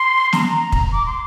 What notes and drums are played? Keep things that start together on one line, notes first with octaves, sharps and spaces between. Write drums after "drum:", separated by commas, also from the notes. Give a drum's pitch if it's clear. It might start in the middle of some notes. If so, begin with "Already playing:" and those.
Already playing: C6
A#5, drum: snare
drum: kick
D6
C6